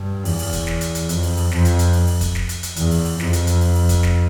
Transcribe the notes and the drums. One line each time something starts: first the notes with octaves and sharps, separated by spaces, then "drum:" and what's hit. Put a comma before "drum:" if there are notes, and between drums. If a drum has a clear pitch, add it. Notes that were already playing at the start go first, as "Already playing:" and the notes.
Already playing: G2
E2, drum: open hi-hat
drum: open hi-hat
drum: kick, hi-hat
drum: snare
drum: hi-hat
drum: hi-hat
F2, drum: hi-hat
drum: open hi-hat
drum: open hi-hat
F2, drum: snare
drum: hi-hat
drum: hi-hat
drum: open hi-hat
drum: open hi-hat
drum: kick, hi-hat
drum: snare
drum: hi-hat
drum: hi-hat
E2, drum: hi-hat
drum: open hi-hat
drum: open hi-hat
F2, drum: snare
drum: hi-hat
drum: hi-hat
drum: open hi-hat
drum: open hi-hat
drum: kick, hi-hat
drum: snare